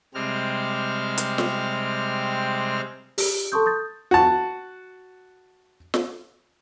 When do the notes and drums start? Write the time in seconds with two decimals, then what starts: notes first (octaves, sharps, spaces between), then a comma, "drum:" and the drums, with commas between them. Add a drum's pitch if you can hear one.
0.14 C3 G3 G#3 C4 F6
1.18 drum: hi-hat
1.38 drum: snare
3.18 G4, drum: open hi-hat
3.52 A4 A5 C6 C#6 D#6 G6
3.66 D#6 G6 A6
4.11 F#4 A5
5.94 drum: snare